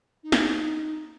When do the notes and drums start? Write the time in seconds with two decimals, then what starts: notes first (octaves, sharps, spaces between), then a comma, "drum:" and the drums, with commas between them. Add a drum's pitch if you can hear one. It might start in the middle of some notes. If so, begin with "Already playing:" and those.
0.23 D#4
0.32 drum: snare